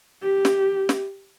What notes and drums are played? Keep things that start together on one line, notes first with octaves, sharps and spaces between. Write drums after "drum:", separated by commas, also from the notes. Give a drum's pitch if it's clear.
G4
drum: snare
drum: snare